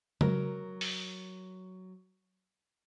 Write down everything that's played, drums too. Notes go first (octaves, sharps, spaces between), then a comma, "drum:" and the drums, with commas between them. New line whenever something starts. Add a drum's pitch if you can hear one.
F#3 A#4, drum: tom C#3
drum: open hi-hat